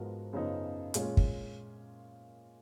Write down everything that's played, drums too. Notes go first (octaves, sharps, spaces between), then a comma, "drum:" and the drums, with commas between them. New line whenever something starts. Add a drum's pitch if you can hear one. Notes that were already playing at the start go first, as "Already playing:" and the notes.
Already playing: G#2 F3 B3 F#4 A#4
F#2 C#3 F3 B3 D#4
A#2 G#3 C#4 F4, drum: hi-hat
drum: kick